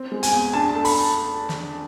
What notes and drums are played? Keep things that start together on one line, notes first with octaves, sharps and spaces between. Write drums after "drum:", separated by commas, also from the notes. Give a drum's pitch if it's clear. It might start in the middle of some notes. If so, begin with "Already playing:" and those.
Already playing: C4
G#3
G#5, drum: hi-hat
E2
D4 A5
A5
A3
B5, drum: open hi-hat
drum: snare